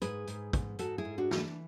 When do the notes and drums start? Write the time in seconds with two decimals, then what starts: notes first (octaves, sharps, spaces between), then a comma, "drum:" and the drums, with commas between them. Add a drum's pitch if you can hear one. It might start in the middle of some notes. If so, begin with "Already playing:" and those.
0.02 G#2 G#4 B4, drum: hi-hat
0.27 G#2, drum: hi-hat
0.53 G#2, drum: kick, hi-hat
0.79 G#2 F#4 A4, drum: hi-hat
0.98 E4 G#4
1.05 G#2
1.18 D4 F#4
1.31 E3, drum: snare
1.37 D4